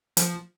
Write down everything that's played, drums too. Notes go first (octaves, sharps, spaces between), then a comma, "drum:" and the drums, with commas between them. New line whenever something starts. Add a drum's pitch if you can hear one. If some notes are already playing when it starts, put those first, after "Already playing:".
F3, drum: hi-hat